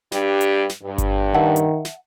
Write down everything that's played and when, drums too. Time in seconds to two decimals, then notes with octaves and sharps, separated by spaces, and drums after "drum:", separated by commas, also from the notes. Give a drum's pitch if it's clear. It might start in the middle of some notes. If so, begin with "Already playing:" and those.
0.12 G2 D4 G4, drum: snare
0.41 drum: hi-hat
0.69 drum: snare
0.82 G2
0.98 drum: kick G1, hi-hat
1.34 D#3 E5 F#5 A5
1.56 drum: hi-hat
1.85 drum: snare